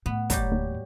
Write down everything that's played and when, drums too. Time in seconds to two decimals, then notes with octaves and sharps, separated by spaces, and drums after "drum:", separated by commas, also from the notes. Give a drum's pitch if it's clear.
0.06 A2 B3
0.30 F#3 G3 G4, drum: kick, hi-hat
0.51 D#2